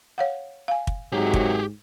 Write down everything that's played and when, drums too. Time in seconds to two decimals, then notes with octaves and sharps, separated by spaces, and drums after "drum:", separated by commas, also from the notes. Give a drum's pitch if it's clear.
0.18 C#5 F5 F#5
0.68 F5 G#5
0.87 drum: kick
1.12 G#2 C3 D#3 F#3 G4 G#4
1.34 drum: kick